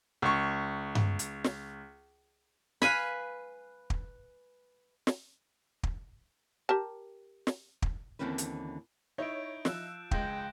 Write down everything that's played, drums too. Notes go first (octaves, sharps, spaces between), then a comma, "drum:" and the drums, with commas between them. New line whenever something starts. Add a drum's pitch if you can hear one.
C#2 C#6
drum: tom G2
drum: hi-hat
drum: snare
B4 F5 G#5 B5, drum: snare
drum: kick
drum: snare
drum: kick
G4 A#4 A5
drum: snare
drum: kick
D#2 D3 E3 C4 C#4 B4
drum: hi-hat
D#4 E4 C#5 G6 D7
F3 E6 F#6 E7, drum: snare
C#2 G#3 G5 G6 A#6, drum: kick